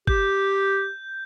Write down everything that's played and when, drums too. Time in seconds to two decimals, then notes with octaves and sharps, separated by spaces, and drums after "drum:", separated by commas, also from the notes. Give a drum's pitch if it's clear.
0.07 G4 G6, drum: kick